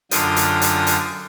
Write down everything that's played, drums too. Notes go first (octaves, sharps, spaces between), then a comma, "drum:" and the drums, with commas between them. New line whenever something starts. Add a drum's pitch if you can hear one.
F#2 D3 F4 G5 D#6, drum: hi-hat
drum: hi-hat
drum: hi-hat
drum: hi-hat